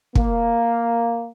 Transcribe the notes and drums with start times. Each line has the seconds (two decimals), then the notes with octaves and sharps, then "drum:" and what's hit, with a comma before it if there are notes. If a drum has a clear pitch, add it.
0.15 A#3, drum: kick